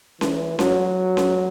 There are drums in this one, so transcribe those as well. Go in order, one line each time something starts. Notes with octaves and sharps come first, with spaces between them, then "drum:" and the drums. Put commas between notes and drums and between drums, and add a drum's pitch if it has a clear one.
E3, drum: snare C#4
F#3, drum: snare C#4
drum: snare C#4